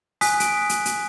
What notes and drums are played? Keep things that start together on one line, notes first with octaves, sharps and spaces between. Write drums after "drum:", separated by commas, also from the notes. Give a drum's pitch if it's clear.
G#5 D#6 F#6 B6, drum: open hi-hat
D7, drum: hi-hat
B6
drum: hi-hat
drum: hi-hat